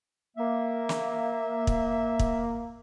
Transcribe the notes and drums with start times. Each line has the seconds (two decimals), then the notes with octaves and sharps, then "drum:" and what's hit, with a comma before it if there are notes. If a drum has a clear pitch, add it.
0.37 A#3 E5
0.89 drum: snare
1.67 drum: kick
2.19 drum: kick